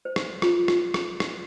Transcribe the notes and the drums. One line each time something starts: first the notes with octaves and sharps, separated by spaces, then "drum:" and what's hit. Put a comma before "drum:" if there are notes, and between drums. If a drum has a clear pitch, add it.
C5
drum: rim click
F4, drum: rim click
drum: rim click
drum: rim click
drum: rim click